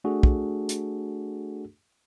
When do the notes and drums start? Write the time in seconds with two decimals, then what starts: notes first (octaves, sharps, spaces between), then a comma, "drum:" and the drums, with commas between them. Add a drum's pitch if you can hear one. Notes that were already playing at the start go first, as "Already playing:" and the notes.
0.04 A3 D4 F#4 G#4 A4
0.23 drum: kick
0.69 drum: hi-hat